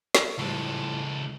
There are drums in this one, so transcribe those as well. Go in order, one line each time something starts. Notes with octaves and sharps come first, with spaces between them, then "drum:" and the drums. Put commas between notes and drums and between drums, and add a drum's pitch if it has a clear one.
drum: snare
C#2 A2 F3 G3 A4